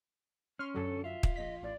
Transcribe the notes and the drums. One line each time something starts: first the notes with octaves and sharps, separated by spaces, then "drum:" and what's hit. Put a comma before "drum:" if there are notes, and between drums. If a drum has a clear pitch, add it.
C#4 C6 F6
F#2 D3 F#3 A4
F4 E5
drum: kick
A#1 D#5 B6
A1 D5